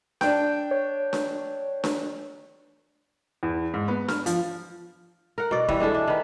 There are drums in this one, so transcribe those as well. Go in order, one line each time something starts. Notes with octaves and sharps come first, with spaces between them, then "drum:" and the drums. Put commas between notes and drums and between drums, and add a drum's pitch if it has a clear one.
D4 G5, drum: snare D4
C#5
drum: snare D4
drum: snare D4
E2
G#2
B3
F6, drum: snare D4
F3, drum: hi-hat
A#4 F#5
B2 D5
E3 G3 E4, drum: kick E1
G#3 D4 E4 A4
D4
D#3 B4